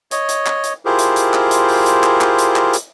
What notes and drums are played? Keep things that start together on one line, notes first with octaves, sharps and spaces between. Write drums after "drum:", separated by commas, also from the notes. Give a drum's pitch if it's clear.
C#5 D#5, drum: hi-hat
drum: hi-hat
drum: clap
drum: hi-hat
E4 F4 G4 G#4 A#4 C5
drum: hi-hat
drum: hi-hat
drum: clap
drum: hi-hat
drum: open hi-hat
drum: hi-hat
drum: clap
drum: clap
drum: hi-hat
drum: clap
drum: hi-hat